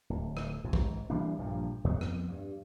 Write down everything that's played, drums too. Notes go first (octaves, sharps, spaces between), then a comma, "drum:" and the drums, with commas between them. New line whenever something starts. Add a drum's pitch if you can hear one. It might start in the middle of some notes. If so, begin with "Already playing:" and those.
D1
drum: rim click
G#1 G#2
drum: kick
E3 G3 A#3 D4
A#1 G2 A#2 F3
F2 B3
drum: rim click
G2